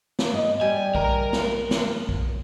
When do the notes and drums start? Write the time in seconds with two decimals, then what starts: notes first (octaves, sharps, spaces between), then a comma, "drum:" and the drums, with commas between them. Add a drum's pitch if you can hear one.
0.19 drum: snare
0.33 G#2 D#5
0.61 G3 G#5
0.95 A#4 A#5, drum: kick A#1
1.33 drum: snare
1.71 drum: snare
2.09 drum: kick A#1